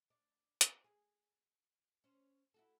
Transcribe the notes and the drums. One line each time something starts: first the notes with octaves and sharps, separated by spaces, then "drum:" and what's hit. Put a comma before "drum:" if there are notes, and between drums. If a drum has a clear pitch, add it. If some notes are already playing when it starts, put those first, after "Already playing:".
D4
drum: hi-hat
G#4
C#4 C5
E4 F#4 A4